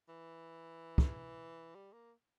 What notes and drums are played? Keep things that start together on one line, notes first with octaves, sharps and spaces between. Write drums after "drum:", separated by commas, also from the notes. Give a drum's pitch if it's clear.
E3
drum: kick
G3
A#3